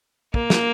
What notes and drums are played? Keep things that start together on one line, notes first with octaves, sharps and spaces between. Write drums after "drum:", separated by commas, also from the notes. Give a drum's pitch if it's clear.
A#3, drum: kick
drum: snare